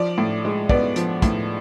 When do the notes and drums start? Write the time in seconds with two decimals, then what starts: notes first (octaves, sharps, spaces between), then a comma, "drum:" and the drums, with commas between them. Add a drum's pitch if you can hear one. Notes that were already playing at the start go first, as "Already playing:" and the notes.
Already playing: F3 D5
0.18 A2
0.45 G#3
0.69 B3 D5, drum: kick
0.96 F3, drum: hi-hat
1.22 A2, drum: kick, hi-hat